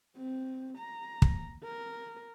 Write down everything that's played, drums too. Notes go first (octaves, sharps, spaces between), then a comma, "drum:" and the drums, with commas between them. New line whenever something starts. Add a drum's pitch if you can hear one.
C4
A#5
drum: kick
A#4